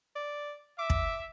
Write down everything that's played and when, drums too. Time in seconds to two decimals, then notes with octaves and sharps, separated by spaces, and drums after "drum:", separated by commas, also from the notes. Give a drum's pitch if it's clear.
0.16 D5
0.79 E5 D6
0.90 drum: kick